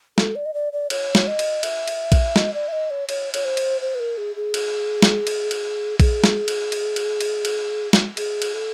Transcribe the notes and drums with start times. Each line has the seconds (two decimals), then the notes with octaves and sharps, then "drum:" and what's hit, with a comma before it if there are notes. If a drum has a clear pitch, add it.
0.18 A4, drum: snare
0.36 D5
0.46 D#5
0.54 D5
0.73 D5
0.90 C#5, drum: cymbal
1.15 drum: snare
1.28 D#5
1.39 drum: cymbal
1.63 E5, drum: cymbal
1.87 drum: cymbal
2.12 drum: kick A#1, cymbal
2.36 D#5, drum: snare
2.54 D5
2.68 E5
2.72 D#5
2.90 C#5
3.09 C#5, drum: cymbal
3.34 C#5, drum: cymbal
3.45 C5
3.57 drum: cymbal
3.81 C5
3.95 B4
4.00 A#4
4.18 G#4
4.36 G#4
4.54 drum: cymbal
5.02 drum: snare
5.27 drum: cymbal
5.51 drum: cymbal
6.00 G#4, drum: kick A#1, cymbal
6.24 drum: snare
6.48 drum: cymbal
6.72 drum: cymbal
6.96 drum: cymbal
7.21 drum: cymbal
7.45 drum: cymbal
7.93 drum: snare
8.17 G#4, drum: cymbal
8.42 drum: cymbal
8.54 A4